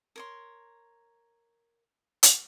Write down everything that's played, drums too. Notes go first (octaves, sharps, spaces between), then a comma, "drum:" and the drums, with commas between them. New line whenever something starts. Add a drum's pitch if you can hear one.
A#4 C#5 C6
drum: hi-hat